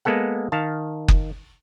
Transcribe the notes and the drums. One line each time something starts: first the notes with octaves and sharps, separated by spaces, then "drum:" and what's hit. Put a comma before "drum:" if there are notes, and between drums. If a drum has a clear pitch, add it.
G#3 A#3 B3 A4 F#5
D#3 F5 A5
drum: kick F#1